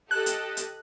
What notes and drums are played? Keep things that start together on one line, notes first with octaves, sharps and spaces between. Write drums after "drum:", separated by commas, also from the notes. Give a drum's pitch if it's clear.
G4 A4 D#5 F#6
drum: hi-hat
drum: hi-hat